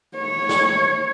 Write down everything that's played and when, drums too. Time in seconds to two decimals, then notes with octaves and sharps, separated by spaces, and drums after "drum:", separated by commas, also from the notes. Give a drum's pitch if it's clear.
0.17 C#5
0.49 drum: snare